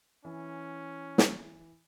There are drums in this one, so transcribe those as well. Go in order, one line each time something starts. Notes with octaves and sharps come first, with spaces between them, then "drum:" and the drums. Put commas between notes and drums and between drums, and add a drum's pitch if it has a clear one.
E3 C#4
drum: snare